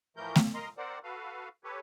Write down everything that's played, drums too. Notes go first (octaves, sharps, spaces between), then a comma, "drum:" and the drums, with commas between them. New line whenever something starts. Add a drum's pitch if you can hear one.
A2 E3 F3 A3 A#4 G6
drum: snare A3
A#4 D#5 A#5 C6
C4 A#4 C5 D5 F#5
F#4 A4 B4 F5
G4 A4 B4 C#5